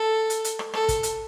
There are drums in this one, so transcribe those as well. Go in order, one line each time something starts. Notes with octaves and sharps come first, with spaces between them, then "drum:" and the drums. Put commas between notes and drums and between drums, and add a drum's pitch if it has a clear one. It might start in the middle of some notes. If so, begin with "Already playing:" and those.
Already playing: A4
drum: hi-hat
drum: hi-hat
drum: rim click
A4, drum: rim click
drum: kick, hi-hat
drum: hi-hat